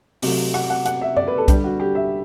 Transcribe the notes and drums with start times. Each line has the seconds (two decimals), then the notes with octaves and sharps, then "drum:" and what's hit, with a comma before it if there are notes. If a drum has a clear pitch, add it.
0.22 C3 F#3 A3, drum: open hi-hat
0.54 F#5, drum: rim click
0.70 F#5
0.85 F#5, drum: hi-hat
1.01 E5
1.17 D5, drum: tom F#2
1.28 B4
1.38 A4
1.48 D3 G3 G4, drum: kick B1, hi-hat
1.64 F#4
1.80 G4
1.95 E5